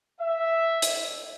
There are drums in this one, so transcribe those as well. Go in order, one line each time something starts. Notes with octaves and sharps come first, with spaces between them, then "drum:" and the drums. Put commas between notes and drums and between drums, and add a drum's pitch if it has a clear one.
E5
drum: hi-hat